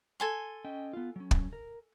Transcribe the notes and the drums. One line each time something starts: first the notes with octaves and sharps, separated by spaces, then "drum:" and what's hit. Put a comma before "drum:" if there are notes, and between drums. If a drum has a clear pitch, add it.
A4 G#5 C6
C#4 D#5 G5
B3 F4
F#3 C#4
drum: kick
A#4